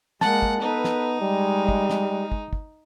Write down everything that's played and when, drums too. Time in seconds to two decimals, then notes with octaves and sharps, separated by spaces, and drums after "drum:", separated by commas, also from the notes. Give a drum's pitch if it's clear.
0.21 G#3 A#3 F#5 A5, drum: snare
0.42 drum: kick
0.61 B3 D#4 A4 B4
0.84 drum: snare
1.21 G3 G#3
1.69 drum: kick
1.90 drum: snare
2.32 drum: kick
2.53 drum: kick